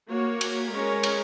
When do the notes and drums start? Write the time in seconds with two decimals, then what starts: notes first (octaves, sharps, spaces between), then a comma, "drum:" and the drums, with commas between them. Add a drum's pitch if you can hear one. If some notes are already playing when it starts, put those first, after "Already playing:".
0.09 A#3 F#4 C#5
0.41 drum: cymbal
0.72 G#3 C#4 A#4 C#5
1.03 drum: cymbal